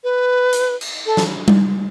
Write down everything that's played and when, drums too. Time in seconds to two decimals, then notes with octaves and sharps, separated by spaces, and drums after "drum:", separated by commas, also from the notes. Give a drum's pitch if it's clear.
0.04 B4
0.53 drum: hi-hat
0.81 drum: cymbal
1.06 A4
1.17 drum: snare
1.48 drum: tom G3